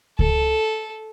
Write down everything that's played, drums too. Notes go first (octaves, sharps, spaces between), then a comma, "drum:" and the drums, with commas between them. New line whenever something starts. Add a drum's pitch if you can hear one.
A4, drum: kick C#2